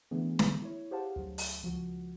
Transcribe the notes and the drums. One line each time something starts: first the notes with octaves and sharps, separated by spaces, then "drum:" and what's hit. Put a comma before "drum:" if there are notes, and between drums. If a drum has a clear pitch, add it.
D3 E3 A3 B3 D4 G#4
drum: snare
E4 C#5
G4 G#4 C5 F5 F#5 A5
D2 F#3
drum: open hi-hat
C#2 F3 F#4